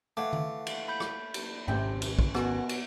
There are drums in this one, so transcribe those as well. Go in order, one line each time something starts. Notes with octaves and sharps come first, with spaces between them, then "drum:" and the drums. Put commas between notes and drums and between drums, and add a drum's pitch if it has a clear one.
E3 A3 F5 F#5 D6
drum: tom D#3
drum: cymbal
B5 G6
drum: rim click
drum: cymbal
G#1 C3 C#4 G5, drum: tom G#2
drum: cymbal
drum: kick
B2 B3 F#4 A#4 G#5, drum: rim click
drum: cymbal